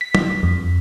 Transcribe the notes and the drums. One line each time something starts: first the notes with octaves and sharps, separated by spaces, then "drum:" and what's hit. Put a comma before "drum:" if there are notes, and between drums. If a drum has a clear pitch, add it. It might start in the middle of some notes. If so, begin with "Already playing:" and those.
B6
drum: tom
F2